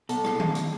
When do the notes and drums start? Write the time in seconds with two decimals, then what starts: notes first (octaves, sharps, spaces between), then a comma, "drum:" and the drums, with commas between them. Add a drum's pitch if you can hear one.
0.09 B2 A4, drum: hi-hat
0.24 G#3, drum: rim click
0.40 drum: tom D#3
0.55 drum: hi-hat